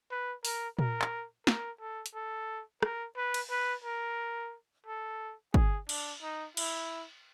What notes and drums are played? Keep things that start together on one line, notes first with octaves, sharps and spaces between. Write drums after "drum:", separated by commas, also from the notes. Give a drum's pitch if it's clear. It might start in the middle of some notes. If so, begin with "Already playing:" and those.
B4
A#4, drum: open hi-hat
A#4, drum: tom A#2
drum: clap
A#4, drum: snare
A4
drum: hi-hat
A4
A#4, drum: rim click
B4
drum: cymbal
B4
A#4
A4
G#4, drum: kick
D4, drum: cymbal
D#4
E4, drum: cymbal